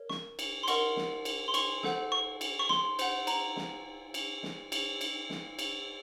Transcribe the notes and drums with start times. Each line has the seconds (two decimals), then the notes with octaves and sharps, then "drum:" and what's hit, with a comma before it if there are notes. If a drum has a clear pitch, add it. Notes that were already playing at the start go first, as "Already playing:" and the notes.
Already playing: A#4 C#5
0.09 C#6, drum: snare
0.39 drum: cymbal
0.63 C6
0.68 A#4 D#5 F#5 C#6, drum: cymbal
0.96 drum: snare
1.25 drum: cymbal
1.48 C6
1.54 C#6, drum: cymbal
1.83 A4 C5 F#5, drum: snare
2.12 C#6
2.41 drum: cymbal
2.59 C#6
2.69 C6, drum: snare
2.99 C5 F#5, drum: cymbal
3.27 A#5, drum: cymbal
3.56 drum: snare
4.14 drum: cymbal
4.43 drum: snare
4.72 drum: cymbal
5.01 drum: cymbal
5.30 drum: snare
5.59 drum: cymbal